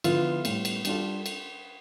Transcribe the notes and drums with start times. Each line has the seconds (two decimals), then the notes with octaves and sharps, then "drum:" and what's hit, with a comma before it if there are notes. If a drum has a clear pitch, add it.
0.04 D3 F3 B3 E4 F4, drum: cymbal
0.45 A2 G3 B3, drum: cymbal
0.65 drum: cymbal
0.85 G3 D4 F4 A4, drum: cymbal
1.26 drum: cymbal